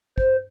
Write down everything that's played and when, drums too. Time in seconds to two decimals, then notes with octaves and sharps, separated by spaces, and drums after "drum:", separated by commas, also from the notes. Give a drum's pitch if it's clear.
0.18 C5, drum: kick